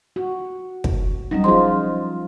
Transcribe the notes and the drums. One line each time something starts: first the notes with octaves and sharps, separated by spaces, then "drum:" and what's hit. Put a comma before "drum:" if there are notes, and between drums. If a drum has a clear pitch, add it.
F#4
drum: kick
F#3 G3 C#4 D#4
F3 F4 G#4 C5 C6